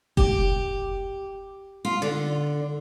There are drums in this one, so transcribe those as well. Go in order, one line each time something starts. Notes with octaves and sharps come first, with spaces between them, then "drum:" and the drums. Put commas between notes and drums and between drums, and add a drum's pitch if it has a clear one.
G4, drum: kick F1
F4
D3